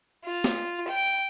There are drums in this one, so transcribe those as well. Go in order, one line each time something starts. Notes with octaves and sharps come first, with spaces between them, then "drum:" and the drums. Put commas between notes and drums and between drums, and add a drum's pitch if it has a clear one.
F4
drum: snare
G5